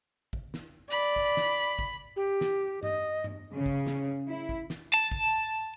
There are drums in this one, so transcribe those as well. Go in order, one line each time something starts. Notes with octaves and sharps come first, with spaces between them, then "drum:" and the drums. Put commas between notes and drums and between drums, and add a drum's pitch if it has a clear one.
drum: kick
drum: snare
D5 B5
drum: kick
drum: snare
drum: kick
G4
drum: snare
D#5, drum: tom G2
drum: tom G2
C#3
drum: kick
drum: snare
E4
drum: kick
drum: snare
A5
drum: kick